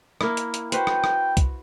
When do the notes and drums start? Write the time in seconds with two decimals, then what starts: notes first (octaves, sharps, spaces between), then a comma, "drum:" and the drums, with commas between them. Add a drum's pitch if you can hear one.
0.21 A#3 E4, drum: rim click
0.37 drum: hi-hat
0.54 drum: hi-hat
0.72 F#4 B4 C5 G5, drum: hi-hat
0.87 drum: rim click
1.04 drum: rim click
1.37 drum: kick, hi-hat